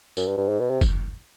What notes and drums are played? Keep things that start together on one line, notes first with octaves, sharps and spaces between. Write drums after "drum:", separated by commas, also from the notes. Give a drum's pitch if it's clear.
F#2, drum: tambourine
G2
G2
G#2
B2
C3
drum: kick, tambourine